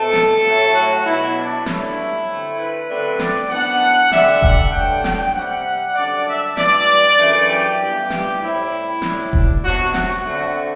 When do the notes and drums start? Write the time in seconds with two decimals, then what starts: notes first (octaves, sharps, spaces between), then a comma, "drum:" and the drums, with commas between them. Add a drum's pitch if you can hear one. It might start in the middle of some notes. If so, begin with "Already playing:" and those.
Already playing: B2 A3 C4 A4
0.13 drum: snare
0.44 A2 F#3 A3
0.74 F#4
1.05 B2 F#3 B3 E4
1.36 D4
1.66 G2 F#3 A3 D4 E4, drum: snare
2.27 D3 A3 C4
2.58 B4
2.89 F#2 D3 A3 C4
3.19 D5, drum: snare
3.50 F#2 E3 B3 D4 F#5
4.11 D3 G3 D4 E5, drum: snare
4.42 F#5, drum: kick E1
4.72 G2 D3 F#3 A3 D4 G5
5.04 G5, drum: snare
5.34 C3 G3 C4 F#5
5.96 F#2 D3 G3 D4 D5
6.26 E5
6.57 G2 E3 G3 D5, drum: snare
7.18 F#2 E3 A3 D4
7.48 G4
7.80 G2 E3 B3
8.10 drum: snare
8.41 A2 G3 C4 E4
9.02 A2 G3 D4, drum: snare
9.33 drum: kick E1
9.63 C3 F#3 B3 D4 F#4
9.94 F#4, drum: snare
10.24 D3 A3 C4